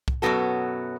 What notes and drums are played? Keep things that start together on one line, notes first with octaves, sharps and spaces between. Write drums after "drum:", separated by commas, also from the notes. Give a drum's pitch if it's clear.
drum: kick C2
F#2 B2 F#3 B3 F#4 A4